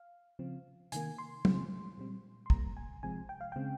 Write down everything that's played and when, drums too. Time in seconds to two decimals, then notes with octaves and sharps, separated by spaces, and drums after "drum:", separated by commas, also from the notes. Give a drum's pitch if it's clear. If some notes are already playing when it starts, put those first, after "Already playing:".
Already playing: F5
0.39 C#3 F3 C4
0.92 C3 D#3 A#3 G#5, drum: hi-hat
1.18 C6
1.45 C#3 F3 G#3 C4, drum: tom
1.98 A#2 G3 C4
2.46 C6
2.50 C3 G3 A#3 A#5, drum: kick
2.77 G#5
3.03 C3 F3 G#3 C4 G#5
3.29 G5
3.41 F5
3.52 C#3 G#3 C4 G5